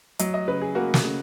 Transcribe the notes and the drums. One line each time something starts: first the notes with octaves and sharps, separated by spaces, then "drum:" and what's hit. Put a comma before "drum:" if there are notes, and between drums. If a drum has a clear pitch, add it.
F#3 D#5, drum: hi-hat
D#5
C#3 B4
G#4
A#3 F#4
drum: snare
C#3